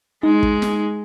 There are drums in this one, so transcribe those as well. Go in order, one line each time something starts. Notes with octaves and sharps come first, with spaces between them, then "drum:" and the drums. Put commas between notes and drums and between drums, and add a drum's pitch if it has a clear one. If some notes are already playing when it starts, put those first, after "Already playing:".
G#3 D#4
drum: kick
drum: snare